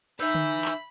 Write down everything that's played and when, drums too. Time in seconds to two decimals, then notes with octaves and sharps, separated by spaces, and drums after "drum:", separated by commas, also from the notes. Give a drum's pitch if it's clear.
0.20 D#4 B4 E5 B5 E6 G6
0.35 drum: tom D3
0.65 drum: clap